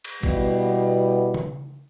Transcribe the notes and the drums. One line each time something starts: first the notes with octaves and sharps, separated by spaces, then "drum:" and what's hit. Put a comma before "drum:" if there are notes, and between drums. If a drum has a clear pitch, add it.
drum: cymbal
B2 G3 B3 E4, drum: kick A1
drum: tom C#3